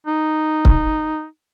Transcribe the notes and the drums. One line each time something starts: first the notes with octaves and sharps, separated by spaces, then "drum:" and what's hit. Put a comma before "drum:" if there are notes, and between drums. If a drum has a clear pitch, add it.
D#4
drum: kick C#1